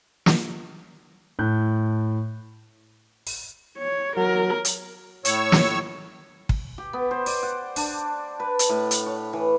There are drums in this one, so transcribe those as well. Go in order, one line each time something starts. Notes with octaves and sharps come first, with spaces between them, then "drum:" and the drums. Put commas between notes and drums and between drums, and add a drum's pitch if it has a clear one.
drum: snare
A2 F#6 G6
drum: open hi-hat
C#5
F#3 A#4
drum: hi-hat
A2 C#5 C#6 E6, drum: hi-hat
drum: snare
drum: kick
G4
B3
C5
D5, drum: open hi-hat
F#5
D4, drum: open hi-hat
B4
drum: hi-hat
A2
drum: hi-hat
C#5
E3